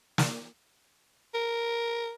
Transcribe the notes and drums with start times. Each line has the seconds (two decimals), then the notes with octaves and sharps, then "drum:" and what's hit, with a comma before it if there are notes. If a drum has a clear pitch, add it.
0.18 drum: snare
1.34 A#4